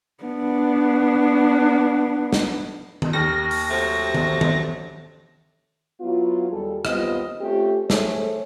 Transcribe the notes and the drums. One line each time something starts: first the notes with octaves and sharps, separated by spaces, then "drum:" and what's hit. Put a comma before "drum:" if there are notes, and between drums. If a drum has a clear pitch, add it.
B3 D4
drum: snare
drum: tom D#3
D#2 D#3 F6 A#6
drum: open hi-hat
C3 F#3 A3 C5
drum: tom D#3
drum: tom D#3
F#3 B3 E4 F4
D#2 G3 G#4 A4
D#2 G3 B3 C4 F4 D#5, drum: rim click
A3 C4 C#4 F4 G4
A3 G#4 A4 C5 C#5, drum: snare